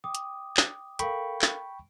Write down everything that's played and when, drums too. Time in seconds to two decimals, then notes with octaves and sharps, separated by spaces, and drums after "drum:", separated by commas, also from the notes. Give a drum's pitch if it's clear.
0.04 G5 D6 D#6
0.15 drum: hi-hat
0.57 drum: clap
0.99 A4 A#4 F5 G5 B5 C#6, drum: hi-hat
1.42 drum: clap